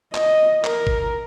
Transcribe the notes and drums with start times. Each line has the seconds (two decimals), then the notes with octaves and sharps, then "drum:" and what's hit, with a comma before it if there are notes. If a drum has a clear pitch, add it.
0.15 D#5, drum: clap
0.64 A#4, drum: clap
0.87 drum: kick G#1